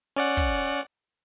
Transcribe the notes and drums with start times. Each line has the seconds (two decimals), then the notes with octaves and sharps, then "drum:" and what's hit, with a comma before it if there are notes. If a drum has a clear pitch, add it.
0.16 C#4 D5 F#5
0.37 drum: kick